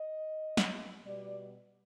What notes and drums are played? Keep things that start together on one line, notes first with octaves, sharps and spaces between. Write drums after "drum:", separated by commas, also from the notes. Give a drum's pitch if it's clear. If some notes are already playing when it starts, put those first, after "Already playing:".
Already playing: D#5
drum: snare
B2 G3 D5